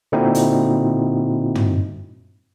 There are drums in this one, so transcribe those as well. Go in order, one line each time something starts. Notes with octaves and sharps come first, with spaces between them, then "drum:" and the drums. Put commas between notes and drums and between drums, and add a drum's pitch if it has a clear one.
A#2 D3 C4 D#4 E4 F#4
drum: hi-hat
drum: tom